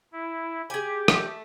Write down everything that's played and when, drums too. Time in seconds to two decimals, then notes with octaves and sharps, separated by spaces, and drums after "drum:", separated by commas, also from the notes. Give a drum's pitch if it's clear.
0.13 E4
0.70 G4 G#4 G#5
1.08 A3, drum: rim click